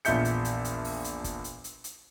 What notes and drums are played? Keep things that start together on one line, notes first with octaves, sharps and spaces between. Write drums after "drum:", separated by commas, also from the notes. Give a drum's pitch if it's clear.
A#1 E2 F4 E5 G6 C#7, drum: hi-hat
drum: hi-hat
drum: hi-hat
drum: hi-hat
drum: open hi-hat
drum: hi-hat
drum: kick F#1, hi-hat
drum: hi-hat
drum: hi-hat
drum: hi-hat